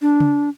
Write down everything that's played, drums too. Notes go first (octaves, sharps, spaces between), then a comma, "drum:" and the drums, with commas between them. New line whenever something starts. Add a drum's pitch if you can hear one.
D4
drum: tom C#3